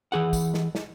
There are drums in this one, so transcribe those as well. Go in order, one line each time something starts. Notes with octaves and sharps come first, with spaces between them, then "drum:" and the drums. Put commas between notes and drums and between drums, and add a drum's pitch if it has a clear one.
E3 G#4 F#5
drum: kick, tambourine
drum: snare
drum: snare